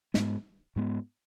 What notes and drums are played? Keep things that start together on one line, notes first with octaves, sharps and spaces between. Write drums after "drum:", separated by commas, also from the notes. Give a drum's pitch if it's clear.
G#2 G#3 B3, drum: snare
G#2 G#3 B3